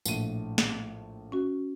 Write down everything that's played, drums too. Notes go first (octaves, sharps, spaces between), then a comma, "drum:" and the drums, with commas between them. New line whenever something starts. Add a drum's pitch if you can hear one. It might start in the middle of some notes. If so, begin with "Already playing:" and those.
A#1 A2 D#7, drum: tambourine
drum: snare
C#4 F#4